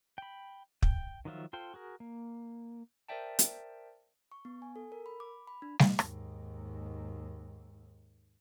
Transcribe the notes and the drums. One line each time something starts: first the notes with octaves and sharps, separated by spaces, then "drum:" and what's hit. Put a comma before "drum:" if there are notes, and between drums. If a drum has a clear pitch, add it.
G5 B5
G5, drum: kick
D#3 F3 F#3 F4 E5
F4 A4 C5 G5
F#4 G#4 A#4
A#3
A#4 C5 D5 E5 G5 A5
drum: hi-hat
C#6
B3
G#5
A4
A#4
B5
D6
B5
D4
drum: snare
D#2 G#2, drum: rim click